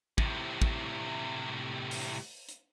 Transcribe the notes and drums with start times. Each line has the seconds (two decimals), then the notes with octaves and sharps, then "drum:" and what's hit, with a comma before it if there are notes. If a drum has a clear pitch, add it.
0.18 A2 C3, drum: kick
0.62 drum: kick
1.91 drum: open hi-hat
2.49 drum: hi-hat